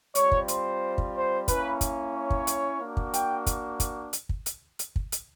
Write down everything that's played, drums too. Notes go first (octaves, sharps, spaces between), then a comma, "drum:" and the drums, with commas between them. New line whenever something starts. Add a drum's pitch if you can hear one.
G3 C4 F4 C#5, drum: hi-hat
drum: kick
C5, drum: hi-hat
drum: kick
C5
A#3 C#4 E4 B4, drum: kick, hi-hat
drum: kick, hi-hat
C#5
drum: kick
drum: hi-hat
A#3 D4 F#4
drum: kick
G5, drum: hi-hat
drum: kick, hi-hat
drum: kick, hi-hat
drum: hi-hat
drum: kick
drum: hi-hat
drum: hi-hat
drum: kick
drum: hi-hat